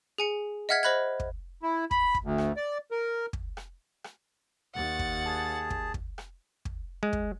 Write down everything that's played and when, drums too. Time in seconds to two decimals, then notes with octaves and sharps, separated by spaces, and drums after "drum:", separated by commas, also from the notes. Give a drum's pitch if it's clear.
0.18 G#4 G#5 C#7
0.69 D#5 E5 F#5 F6 G#6 B6
0.83 C5 D#5 B5 F#6 G#6
1.20 drum: kick
1.62 E4
1.91 B5, drum: kick
2.14 drum: kick
2.24 D2
2.38 drum: rim click
2.57 D5
2.91 A#4
3.33 drum: kick
3.57 drum: rim click
4.04 drum: rim click
4.75 D#2 F#5 A6
4.99 drum: kick
5.26 G#4 A5
5.70 drum: kick
5.94 drum: kick
6.18 drum: rim click
6.65 drum: kick
7.03 G#3
7.13 drum: kick